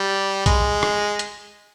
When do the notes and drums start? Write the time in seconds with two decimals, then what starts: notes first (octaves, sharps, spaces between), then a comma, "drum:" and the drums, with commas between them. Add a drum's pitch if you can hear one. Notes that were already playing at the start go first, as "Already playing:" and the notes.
Already playing: G3
0.46 G#3, drum: kick B1, hi-hat
0.83 drum: rim click
1.19 drum: hi-hat